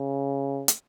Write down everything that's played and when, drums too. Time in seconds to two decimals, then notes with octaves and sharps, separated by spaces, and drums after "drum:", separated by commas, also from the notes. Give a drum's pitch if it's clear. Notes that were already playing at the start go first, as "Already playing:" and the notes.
Already playing: C#3
0.68 drum: hi-hat